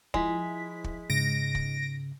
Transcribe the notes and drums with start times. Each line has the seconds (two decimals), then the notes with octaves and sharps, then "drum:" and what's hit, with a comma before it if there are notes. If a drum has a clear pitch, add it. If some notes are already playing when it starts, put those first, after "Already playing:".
0.14 F3 G#3 E4 B6, drum: kick
0.84 drum: kick
1.10 G#2 C#3 A#6 D7
1.55 drum: kick